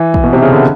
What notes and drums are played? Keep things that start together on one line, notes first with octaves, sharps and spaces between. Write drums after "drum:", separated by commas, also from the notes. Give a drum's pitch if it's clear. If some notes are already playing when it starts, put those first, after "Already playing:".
Already playing: E3
drum: kick
B2
C3
C#3
D3